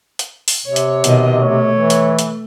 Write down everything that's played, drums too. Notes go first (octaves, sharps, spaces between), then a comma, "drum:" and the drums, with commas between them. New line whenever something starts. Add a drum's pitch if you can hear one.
drum: hi-hat
drum: open hi-hat
C3 C#5
drum: hi-hat
B2 D#3 D#5, drum: hi-hat
A3 C#5
E3
drum: hi-hat
drum: hi-hat